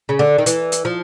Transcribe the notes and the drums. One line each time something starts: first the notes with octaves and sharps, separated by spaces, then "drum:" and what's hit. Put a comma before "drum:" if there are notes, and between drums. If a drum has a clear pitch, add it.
C#3
D3
D#3
E3, drum: hi-hat
drum: hi-hat
F3